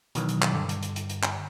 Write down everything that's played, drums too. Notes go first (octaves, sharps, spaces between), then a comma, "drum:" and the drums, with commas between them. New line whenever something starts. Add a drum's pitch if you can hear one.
B2 D#3 E3 F#3, drum: hi-hat
drum: hi-hat
drum: clap
G2 D3
drum: hi-hat
drum: hi-hat
drum: hi-hat
drum: hi-hat
drum: clap